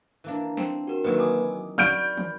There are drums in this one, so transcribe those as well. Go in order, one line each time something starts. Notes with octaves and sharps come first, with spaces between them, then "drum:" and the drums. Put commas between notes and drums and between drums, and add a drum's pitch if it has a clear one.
E3 A#3 D4
C4, drum: snare
F#4 A#4
D#3 E3 F#3 A#3 A#4 B4
G#5 D6 D#6
F#4 D5 B5 F6 G6 D7, drum: snare
drum: tom